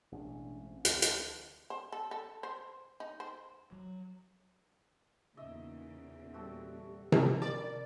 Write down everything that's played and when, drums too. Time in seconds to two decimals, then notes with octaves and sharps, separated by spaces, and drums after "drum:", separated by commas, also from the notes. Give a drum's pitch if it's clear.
0.12 A1 B2 G#3 D4
0.66 C4
0.85 D2 F3, drum: hi-hat
1.02 drum: hi-hat
1.70 C5
1.92 A4
2.11 A4
2.43 C5
3.00 D#4
3.20 C5
3.72 F#3
5.37 E2 A#2 C#3 D#4 D#5 E5
6.33 G3 C4 F#4 A4
7.12 drum: tom C3
7.42 G3 A#4 D5 B5